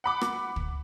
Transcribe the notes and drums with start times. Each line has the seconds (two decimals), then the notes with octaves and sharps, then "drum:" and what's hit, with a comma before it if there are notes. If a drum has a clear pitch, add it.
0.04 F#5 B5 D6
0.21 drum: rim click
0.56 drum: kick